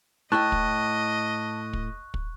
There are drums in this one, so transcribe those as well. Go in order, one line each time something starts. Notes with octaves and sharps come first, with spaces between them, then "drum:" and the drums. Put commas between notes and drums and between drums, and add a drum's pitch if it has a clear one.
A2 E4 D#5 G5 A5 C#6 F#6
drum: kick
drum: kick
drum: kick